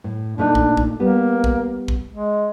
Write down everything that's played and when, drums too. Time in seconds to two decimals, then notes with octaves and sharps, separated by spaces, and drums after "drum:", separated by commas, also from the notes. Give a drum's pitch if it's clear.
0.04 A2
0.38 A#2 A3 D4 D#4
0.55 drum: kick
0.77 drum: kick
1.00 G3 A#3 B3
1.44 drum: kick
1.88 drum: kick
2.11 G#3